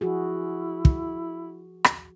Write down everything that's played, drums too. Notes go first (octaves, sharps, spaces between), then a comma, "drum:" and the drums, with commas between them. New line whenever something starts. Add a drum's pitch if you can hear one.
F3 E4 F#4 G#4
drum: kick
drum: rim click